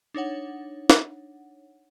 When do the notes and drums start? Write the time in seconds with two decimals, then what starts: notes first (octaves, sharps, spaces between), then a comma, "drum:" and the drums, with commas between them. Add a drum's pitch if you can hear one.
0.14 D4 D#4 C#5 F#5
0.90 drum: snare